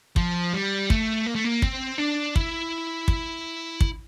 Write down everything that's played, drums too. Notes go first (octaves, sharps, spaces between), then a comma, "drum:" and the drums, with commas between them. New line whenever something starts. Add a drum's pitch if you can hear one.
F3, drum: kick
G3
A3, drum: kick
A#3
A3
A#3
C4, drum: kick
D4
E4, drum: kick
drum: kick
drum: kick